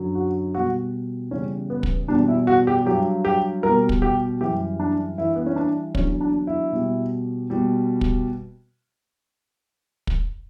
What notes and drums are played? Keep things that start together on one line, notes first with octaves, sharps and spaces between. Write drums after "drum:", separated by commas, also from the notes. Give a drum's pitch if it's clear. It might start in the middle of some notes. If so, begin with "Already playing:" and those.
Already playing: F#2 D3 F#3
F#4
B2 G3 F#4
E2 C#3 G3 C#4
B3
drum: kick
E2 B2 G3 D4
E4
F#4
G4
G2 F#3 G4
G4
B2 G3 A#4
drum: kick
G4
F#2 E3 G3 G4
D4
G2 E3 G3 E4
B3
C#4
D4
E2 D3 F#3 C#4, drum: kick
D4
E4
B2 G3
B2 G3
drum: kick
drum: kick